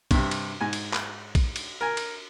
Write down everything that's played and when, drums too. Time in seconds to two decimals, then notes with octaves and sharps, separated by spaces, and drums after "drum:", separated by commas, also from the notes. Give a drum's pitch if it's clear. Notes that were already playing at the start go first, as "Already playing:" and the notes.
0.11 G2 C3, drum: kick A#1, cymbal
0.31 drum: cymbal
0.61 G#2 G#5
0.73 drum: cymbal
0.94 drum: clap
1.35 drum: kick A#1, cymbal
1.56 drum: cymbal
1.81 A#4 G#5
1.97 drum: cymbal